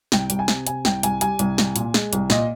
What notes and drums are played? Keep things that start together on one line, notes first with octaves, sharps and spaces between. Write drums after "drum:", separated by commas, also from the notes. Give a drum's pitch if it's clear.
C2 G5, drum: snare
C2, drum: hi-hat
G#5
C3, drum: snare
C3 G#5, drum: hi-hat
C2 G5, drum: snare
C2 G#5, drum: hi-hat
G3 G#5, drum: hi-hat
C2, drum: hi-hat
C2, drum: snare
A#2, drum: hi-hat
G#3, drum: snare
C2, drum: hi-hat
A#2 D#5, drum: snare